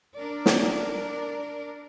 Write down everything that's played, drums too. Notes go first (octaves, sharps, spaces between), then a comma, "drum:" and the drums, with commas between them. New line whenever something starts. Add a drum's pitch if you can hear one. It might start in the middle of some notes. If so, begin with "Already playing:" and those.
D4 A#4 D5
drum: snare